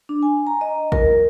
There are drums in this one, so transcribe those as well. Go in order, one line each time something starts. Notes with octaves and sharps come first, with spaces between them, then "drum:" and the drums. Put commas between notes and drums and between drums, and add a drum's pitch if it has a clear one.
D4
G#5
A#5
D#5
A#4, drum: kick A1